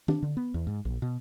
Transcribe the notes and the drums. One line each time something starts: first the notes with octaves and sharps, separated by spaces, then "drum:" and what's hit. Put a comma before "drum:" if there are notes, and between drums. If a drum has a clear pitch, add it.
D4, drum: tom
D3
B3
E2
G#2
A#1
B2